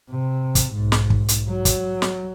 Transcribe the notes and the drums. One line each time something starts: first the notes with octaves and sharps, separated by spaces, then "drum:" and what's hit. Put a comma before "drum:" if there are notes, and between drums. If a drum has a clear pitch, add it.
C3
drum: kick, hi-hat
B1 G#2
drum: snare
drum: kick
drum: hi-hat
F#3
drum: kick, hi-hat
drum: snare